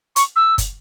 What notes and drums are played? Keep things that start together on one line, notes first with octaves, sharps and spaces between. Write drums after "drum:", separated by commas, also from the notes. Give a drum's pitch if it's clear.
C#6, drum: hi-hat
E6
drum: kick, hi-hat